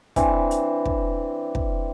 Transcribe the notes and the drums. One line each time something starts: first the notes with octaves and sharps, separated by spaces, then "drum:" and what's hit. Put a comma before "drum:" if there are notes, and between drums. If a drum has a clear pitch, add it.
E3 C4 D4, drum: kick, hi-hat
drum: hi-hat
drum: kick
drum: kick